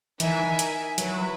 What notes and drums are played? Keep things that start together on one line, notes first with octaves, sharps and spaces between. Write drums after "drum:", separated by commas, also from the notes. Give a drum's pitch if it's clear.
E3 D#4 A#4 E5 G#5, drum: hi-hat
drum: hi-hat
F#3 E4 B4 E5, drum: hi-hat